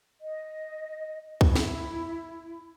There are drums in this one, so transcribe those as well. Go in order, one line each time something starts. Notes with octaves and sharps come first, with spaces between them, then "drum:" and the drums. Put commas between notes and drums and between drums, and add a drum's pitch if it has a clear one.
D#5
E4, drum: kick
drum: snare